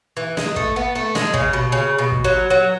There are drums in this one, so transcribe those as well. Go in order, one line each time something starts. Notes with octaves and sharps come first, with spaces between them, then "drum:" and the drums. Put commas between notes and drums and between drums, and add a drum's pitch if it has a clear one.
E3
G#3, drum: snare
A3, drum: kick
B3
A3
G#3, drum: snare
C#3, drum: kick
B2
C#3
B2
drum: kick
F#3
F#3